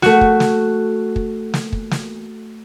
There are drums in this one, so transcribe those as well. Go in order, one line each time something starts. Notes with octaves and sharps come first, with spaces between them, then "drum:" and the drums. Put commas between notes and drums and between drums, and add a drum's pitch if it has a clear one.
A3 F#4, drum: snare
drum: kick
drum: snare
drum: kick
drum: snare
drum: kick
drum: snare